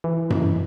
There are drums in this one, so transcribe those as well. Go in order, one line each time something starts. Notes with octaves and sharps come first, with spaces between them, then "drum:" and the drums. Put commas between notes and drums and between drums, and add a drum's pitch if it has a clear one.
E3
drum: tom F#2